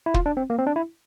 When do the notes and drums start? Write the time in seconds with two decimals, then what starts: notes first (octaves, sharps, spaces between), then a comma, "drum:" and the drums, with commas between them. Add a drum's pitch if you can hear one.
0.06 E4
0.14 F4, drum: kick
0.26 D4
0.37 C4
0.50 A#3
0.59 C4
0.66 D4
0.76 E4